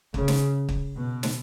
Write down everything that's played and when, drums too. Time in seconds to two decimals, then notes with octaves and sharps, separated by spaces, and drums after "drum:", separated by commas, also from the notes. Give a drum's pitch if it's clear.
0.14 C#3, drum: kick
0.28 drum: snare
0.69 drum: kick
0.96 B2
1.23 drum: snare